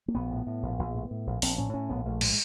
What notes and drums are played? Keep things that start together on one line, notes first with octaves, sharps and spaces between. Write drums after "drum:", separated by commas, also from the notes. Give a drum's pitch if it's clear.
A#3
A#1 B3
A2
A2
A#1
A#1
A2
A2
A#1
A#1 C4, drum: open hi-hat
A2 C#4
A2 C#4
A#1 B3
A#1 A3
A2 G#3, drum: cymbal